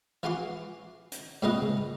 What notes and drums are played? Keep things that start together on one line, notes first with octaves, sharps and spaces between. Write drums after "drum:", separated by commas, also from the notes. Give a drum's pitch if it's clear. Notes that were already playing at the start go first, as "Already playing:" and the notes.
E3 F4 F#4 C6 D6
drum: hi-hat
G#2 C3 A#3 F4 B4 D#5
drum: tom C#3